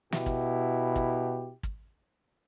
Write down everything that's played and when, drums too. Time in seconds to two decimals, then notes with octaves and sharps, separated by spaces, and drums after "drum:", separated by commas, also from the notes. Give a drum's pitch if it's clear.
0.12 B2 E4 G4, drum: snare
0.26 drum: kick
0.96 drum: kick
1.63 drum: kick